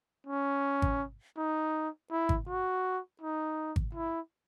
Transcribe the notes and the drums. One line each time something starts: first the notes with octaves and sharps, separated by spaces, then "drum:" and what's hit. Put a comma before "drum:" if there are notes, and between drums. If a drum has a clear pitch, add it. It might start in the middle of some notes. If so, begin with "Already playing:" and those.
C#4
drum: kick G#1
D#4
E4
drum: kick G#1
F#4
D#4
drum: kick G#1
E4